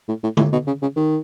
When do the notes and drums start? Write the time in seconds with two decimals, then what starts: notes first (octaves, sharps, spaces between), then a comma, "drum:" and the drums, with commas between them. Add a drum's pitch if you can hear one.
0.08 A2
0.23 A2
0.37 A2, drum: tom D3
0.53 B2
0.67 C#3
0.82 C#3
0.96 D#3